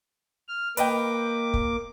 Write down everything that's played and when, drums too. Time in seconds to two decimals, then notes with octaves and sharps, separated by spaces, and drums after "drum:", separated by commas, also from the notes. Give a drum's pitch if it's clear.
0.48 F6
0.77 A#3 B4 D#5 G5 D6, drum: hi-hat
1.54 drum: kick